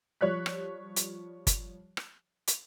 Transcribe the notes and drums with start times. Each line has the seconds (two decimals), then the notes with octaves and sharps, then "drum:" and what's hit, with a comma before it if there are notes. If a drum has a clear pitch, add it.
0.21 F3 G3 C#5 C#6 F#6 B6
0.46 drum: rim click
0.96 drum: hi-hat
1.47 drum: kick G1, hi-hat
1.97 drum: rim click
2.47 drum: hi-hat